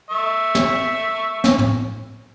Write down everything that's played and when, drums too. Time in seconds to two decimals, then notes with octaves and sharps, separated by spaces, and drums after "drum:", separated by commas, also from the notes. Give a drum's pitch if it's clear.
0.10 E5 C#6
0.55 drum: snare
1.44 drum: snare
1.59 drum: tom